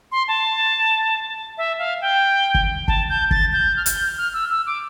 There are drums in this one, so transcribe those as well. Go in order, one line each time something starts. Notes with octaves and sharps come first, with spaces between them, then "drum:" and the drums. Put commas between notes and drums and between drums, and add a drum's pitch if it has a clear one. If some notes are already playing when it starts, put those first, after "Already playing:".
C6
A5
E5
F5
G5
drum: kick
A5, drum: kick
G6
A6, drum: kick
G6
F6
G6, drum: hi-hat
F6
E6
E6
D6